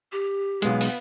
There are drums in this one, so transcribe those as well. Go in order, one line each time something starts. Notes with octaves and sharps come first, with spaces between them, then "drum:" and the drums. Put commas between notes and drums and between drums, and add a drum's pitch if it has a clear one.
G4
B1 G2 G#3 B3 F4, drum: hi-hat
drum: open hi-hat